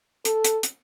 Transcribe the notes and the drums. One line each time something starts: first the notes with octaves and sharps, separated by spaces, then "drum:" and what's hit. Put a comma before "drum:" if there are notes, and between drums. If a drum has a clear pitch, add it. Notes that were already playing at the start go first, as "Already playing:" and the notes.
A4, drum: hi-hat
drum: hi-hat
drum: hi-hat